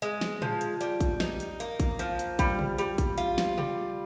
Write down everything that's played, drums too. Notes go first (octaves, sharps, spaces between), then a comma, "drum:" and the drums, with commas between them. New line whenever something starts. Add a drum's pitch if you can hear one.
G#3, drum: hi-hat
drum: snare
F3, drum: tom A2
drum: hi-hat
G3, drum: hi-hat
drum: kick A1, hi-hat
D#4, drum: snare
drum: hi-hat
A#3, drum: hi-hat
drum: kick A1, hi-hat
F3, drum: hi-hat
drum: hi-hat
G3, drum: kick A1, hi-hat
drum: tom B2
G3, drum: hi-hat
drum: kick A1, hi-hat
F4, drum: hi-hat
drum: snare
G3, drum: tom B2